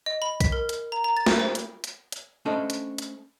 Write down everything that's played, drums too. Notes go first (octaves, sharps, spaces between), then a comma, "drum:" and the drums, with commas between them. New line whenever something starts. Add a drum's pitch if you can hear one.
D#5
B5
B6, drum: kick, hi-hat
A#4
drum: hi-hat
A#5
A#5
A6
drum: snare
C5
drum: hi-hat
drum: hi-hat
drum: hi-hat
A3 C#4 D4 A4 C5 D#5
drum: hi-hat
drum: hi-hat